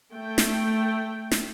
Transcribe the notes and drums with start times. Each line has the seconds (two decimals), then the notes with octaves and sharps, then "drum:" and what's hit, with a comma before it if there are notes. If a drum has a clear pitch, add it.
0.14 A3 G5
0.38 drum: snare
1.31 drum: snare